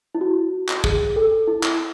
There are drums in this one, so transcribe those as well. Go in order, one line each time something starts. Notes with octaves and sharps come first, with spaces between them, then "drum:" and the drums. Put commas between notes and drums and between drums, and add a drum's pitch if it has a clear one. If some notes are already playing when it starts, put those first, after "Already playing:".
E4
F#4
drum: clap
G#4, drum: kick
A4
E4
drum: clap